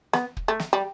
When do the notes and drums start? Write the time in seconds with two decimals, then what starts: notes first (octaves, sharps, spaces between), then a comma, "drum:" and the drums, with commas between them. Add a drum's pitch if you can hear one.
0.13 B3, drum: snare
0.37 drum: kick
0.48 A3
0.60 drum: snare
0.73 G3